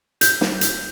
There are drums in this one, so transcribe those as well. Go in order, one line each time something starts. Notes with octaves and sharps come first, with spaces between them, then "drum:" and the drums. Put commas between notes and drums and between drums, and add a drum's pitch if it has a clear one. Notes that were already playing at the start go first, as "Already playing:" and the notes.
G6, drum: hi-hat
drum: snare
drum: hi-hat